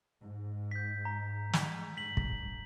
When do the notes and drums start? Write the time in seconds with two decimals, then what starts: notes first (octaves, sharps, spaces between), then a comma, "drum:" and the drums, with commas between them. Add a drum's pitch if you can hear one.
0.23 G#2
0.71 G6 B6
1.05 A#5
1.53 G#3, drum: snare
1.97 G2 B6 F#7
2.17 drum: kick